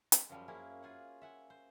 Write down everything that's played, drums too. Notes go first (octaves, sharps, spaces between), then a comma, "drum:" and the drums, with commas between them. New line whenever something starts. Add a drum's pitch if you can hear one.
G#3, drum: hi-hat
F#2 F3 G3
A#3 C#4 E4 G#4
F4 G#4 F#5
E5 F#5 G#5
C5